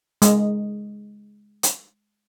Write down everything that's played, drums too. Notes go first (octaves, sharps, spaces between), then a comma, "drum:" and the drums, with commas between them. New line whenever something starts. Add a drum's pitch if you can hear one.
G#3 D#5, drum: hi-hat
drum: hi-hat